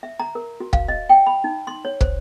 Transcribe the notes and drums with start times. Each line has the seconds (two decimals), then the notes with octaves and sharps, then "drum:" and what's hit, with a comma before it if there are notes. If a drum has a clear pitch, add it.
0.03 E5
0.20 A#5
0.35 A#4
0.60 F#4
0.73 F5, drum: kick
0.88 D#5
1.09 G5
1.26 B5
1.44 D#4
1.67 C6
1.85 C#5
2.01 C5, drum: kick